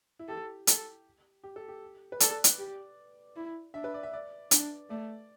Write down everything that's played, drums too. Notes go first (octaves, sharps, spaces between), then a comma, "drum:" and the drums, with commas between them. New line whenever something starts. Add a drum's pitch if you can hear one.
E4
G4 A4
A4, drum: hi-hat
G4
A4
G4
B4
A4 D5, drum: hi-hat
drum: hi-hat
G4
E4
D4 E5
B4
D5
E5
D5
D4, drum: hi-hat
A3 D5